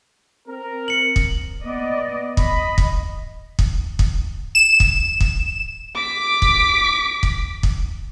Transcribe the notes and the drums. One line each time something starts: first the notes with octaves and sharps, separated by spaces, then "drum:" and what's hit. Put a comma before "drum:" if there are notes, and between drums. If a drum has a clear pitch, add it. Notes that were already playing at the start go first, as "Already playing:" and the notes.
C4 A#4
C#7 F#7
drum: kick
B3 D5 D#5
D#5 B5, drum: kick
drum: kick
drum: kick
drum: kick
E7
drum: kick
drum: kick
D6 B6
drum: kick
drum: kick
drum: kick